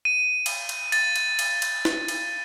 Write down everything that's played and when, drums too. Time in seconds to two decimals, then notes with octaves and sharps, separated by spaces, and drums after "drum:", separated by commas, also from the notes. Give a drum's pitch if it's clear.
0.05 D#7
0.46 drum: cymbal
0.69 drum: cymbal
0.92 A6, drum: cymbal
1.16 drum: cymbal
1.39 drum: cymbal
1.62 drum: cymbal
1.85 drum: snare
2.08 drum: cymbal